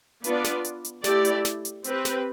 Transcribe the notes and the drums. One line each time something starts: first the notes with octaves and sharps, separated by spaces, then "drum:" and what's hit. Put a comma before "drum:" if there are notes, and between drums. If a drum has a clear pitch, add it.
B3 D4 F4 B4 D5, drum: hi-hat
drum: snare
drum: hi-hat
drum: hi-hat
A3 E4 G4 D5, drum: snare
drum: hi-hat
drum: snare
drum: hi-hat
C4 G4 B4, drum: hi-hat
drum: snare